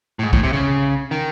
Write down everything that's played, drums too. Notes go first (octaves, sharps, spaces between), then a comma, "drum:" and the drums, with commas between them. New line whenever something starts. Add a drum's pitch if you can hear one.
A2
G#2
A2, drum: kick B1
C3
C#3
D#3